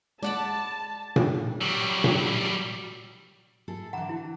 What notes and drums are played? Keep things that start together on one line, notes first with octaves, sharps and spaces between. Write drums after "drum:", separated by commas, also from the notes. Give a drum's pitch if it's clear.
G#3 D5 F#5 A5 B5
drum: tom A#2
F#3 G3
drum: tom A#2
E4 G#4 A4
D3 E3 F#5 A#5
E4